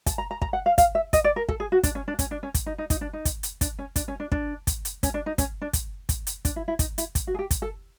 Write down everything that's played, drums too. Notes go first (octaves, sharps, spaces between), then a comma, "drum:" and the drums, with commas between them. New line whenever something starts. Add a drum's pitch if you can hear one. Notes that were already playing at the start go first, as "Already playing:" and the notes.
A5, drum: kick, hi-hat
A#5
A#5
A#5, drum: kick
F#5
F5
F5, drum: kick, hi-hat
E5
D#5, drum: kick, hi-hat
D5
A#4
A4, drum: kick
G#4
F#4
D4, drum: kick, hi-hat
C#4
D4
C#4, drum: kick, hi-hat
D4
C#4
drum: kick, hi-hat
D#4
D#4
D#4, drum: kick, hi-hat
D4
D#4
drum: kick, hi-hat
drum: hi-hat
D4, drum: kick, hi-hat
C#4
D4, drum: kick, hi-hat
C#4
D4
D4, drum: kick
drum: kick, hi-hat
drum: hi-hat
C#4, drum: kick, hi-hat
D4
D#4
C#4, drum: kick, hi-hat
D4
drum: kick, hi-hat
drum: kick, hi-hat
drum: hi-hat
D4, drum: kick, hi-hat
E4
E4
D#4, drum: kick, hi-hat
E4, drum: hi-hat
drum: kick, hi-hat
F#4
G#4
G4
drum: kick, hi-hat
A4